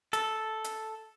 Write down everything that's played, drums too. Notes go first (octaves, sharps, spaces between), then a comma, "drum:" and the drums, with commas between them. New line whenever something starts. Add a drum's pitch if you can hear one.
A4, drum: hi-hat
drum: hi-hat